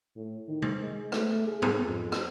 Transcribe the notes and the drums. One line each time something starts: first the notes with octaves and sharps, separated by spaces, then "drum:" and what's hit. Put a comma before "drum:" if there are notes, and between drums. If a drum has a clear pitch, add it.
A2
D#3
drum: tom C3
G#3
A3, drum: rim click
G#4
drum: tom
F2
drum: rim click